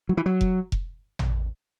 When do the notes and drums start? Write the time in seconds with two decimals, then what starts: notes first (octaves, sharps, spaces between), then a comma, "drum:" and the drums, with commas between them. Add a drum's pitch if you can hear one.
0.09 F#3
0.17 E3
0.26 F#3
0.41 drum: kick F1
0.72 drum: kick F1
1.19 drum: tom